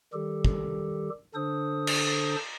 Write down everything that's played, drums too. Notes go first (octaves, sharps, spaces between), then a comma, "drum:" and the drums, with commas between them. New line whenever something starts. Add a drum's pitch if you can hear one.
D#3 G3 G4 A4
drum: kick
D3 D4 A4 C5 D#6
drum: cymbal